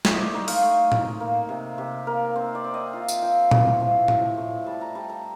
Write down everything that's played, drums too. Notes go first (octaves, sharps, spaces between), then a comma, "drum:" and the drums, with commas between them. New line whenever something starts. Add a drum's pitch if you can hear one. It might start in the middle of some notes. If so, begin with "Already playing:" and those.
A3 C5, drum: snare
D#5
D5
D#4 D#5
F5, drum: open hi-hat
A3
D#4, drum: tom A2
A#3
C3
C3 G4
A#3 A#4
C4 C5
D5
C4
D#5
F4 F5
drum: tambourine
F3 G5
A2, drum: tom A#2
F3
A2, drum: tom A2
A2
G3 A5
A#5
G3 A5
A#5